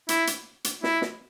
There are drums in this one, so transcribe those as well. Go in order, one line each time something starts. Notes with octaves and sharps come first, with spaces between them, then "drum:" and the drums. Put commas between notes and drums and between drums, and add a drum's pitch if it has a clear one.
E4, drum: hi-hat
drum: hi-hat
drum: hi-hat
E4, drum: snare
drum: snare